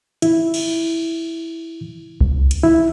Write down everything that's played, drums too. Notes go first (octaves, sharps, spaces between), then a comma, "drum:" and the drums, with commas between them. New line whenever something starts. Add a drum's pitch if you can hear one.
E4, drum: hi-hat
drum: cymbal
drum: kick C2
drum: hi-hat
E4